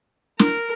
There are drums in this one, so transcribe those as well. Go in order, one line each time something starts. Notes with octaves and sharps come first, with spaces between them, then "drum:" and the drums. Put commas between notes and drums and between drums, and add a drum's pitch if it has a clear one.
A#4, drum: snare